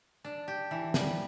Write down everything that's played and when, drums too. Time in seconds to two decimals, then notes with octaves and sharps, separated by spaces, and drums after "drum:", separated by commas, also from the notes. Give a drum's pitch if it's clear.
0.24 D4
0.48 G4
0.71 E3
0.94 G3, drum: snare